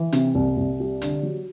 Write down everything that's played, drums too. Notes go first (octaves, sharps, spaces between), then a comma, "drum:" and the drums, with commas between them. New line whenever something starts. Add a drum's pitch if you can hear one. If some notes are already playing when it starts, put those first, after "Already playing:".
Already playing: E3
C3, drum: hi-hat
C2
C2
G3
D3, drum: hi-hat
F#3